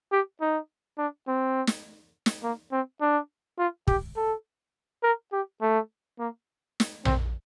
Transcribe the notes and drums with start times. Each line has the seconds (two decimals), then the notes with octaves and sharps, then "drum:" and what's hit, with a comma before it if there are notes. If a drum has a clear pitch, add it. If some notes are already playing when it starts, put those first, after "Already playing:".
0.12 G4
0.41 D#4
0.98 D4
1.27 C4
1.67 drum: snare
2.26 drum: snare
2.43 A#3
2.72 C4
3.01 D4
3.58 F4
3.87 G4, drum: kick
4.16 A4
5.03 A#4
5.32 G4
5.61 A3
6.19 A#3
6.80 drum: snare
7.05 C4, drum: tom A#1